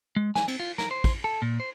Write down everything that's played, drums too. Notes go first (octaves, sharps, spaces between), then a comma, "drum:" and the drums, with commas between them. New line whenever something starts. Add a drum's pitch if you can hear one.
G#3
G#5, drum: snare
C4, drum: cymbal
F4
A#4, drum: snare
C5
drum: kick, cymbal
A4
A#2
C5